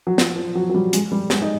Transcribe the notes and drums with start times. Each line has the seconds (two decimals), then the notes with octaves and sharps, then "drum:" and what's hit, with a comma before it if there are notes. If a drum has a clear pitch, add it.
0.07 F#3
0.18 F3, drum: snare
0.36 F3
0.55 F#3
0.70 F#3
0.74 G3
0.93 G#3, drum: hi-hat
1.12 G3
1.30 G#3, drum: snare
1.42 D#4